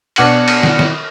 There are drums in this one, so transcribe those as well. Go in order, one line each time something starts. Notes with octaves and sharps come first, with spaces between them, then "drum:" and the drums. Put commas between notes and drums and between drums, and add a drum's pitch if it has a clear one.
B2 D4 F#4 G#5 F#6 C#7, drum: cymbal
drum: cymbal
drum: snare
drum: snare